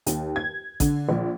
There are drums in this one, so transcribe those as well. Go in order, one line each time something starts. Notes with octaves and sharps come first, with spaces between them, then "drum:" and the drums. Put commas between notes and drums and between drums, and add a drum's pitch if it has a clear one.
D#2, drum: hi-hat
G#6
D3, drum: kick A1, hi-hat
A#1